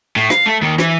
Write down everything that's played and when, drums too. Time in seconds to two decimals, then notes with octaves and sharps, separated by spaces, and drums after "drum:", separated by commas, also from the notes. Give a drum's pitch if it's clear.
0.16 A2
0.30 F5, drum: rim click
0.46 A3
0.61 D#2 D#3
0.78 E3, drum: rim click